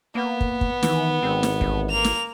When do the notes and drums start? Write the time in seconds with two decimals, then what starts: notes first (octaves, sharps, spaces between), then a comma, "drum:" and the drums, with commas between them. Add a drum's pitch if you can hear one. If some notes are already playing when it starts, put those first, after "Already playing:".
0.15 A#3 B3
0.41 drum: kick
0.61 drum: kick
0.83 D#3 E3, drum: snare
1.23 G#1 C4
1.43 drum: snare
1.61 A1, drum: kick
1.90 A#3 F7
2.04 drum: snare